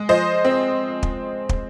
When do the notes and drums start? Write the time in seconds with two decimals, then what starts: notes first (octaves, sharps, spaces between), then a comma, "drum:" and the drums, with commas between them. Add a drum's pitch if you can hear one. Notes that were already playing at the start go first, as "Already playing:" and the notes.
Already playing: G#3
0.09 F3 C5 D#5
0.45 C4
1.03 drum: kick
1.49 drum: kick